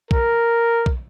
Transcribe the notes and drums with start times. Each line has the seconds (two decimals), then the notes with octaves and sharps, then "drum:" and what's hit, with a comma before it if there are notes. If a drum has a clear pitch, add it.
0.11 A#4, drum: kick B1
0.86 drum: kick B1